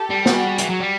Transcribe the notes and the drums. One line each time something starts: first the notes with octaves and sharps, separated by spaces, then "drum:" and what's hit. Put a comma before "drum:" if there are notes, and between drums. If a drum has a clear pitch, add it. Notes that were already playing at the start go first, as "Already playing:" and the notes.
Already playing: G4 A4
G3
F#4 G#4, drum: snare
E3, drum: hi-hat
F#3
G3